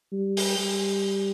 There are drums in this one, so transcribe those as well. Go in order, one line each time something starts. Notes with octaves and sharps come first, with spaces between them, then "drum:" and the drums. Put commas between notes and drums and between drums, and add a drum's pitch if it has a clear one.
G3
drum: open hi-hat
G3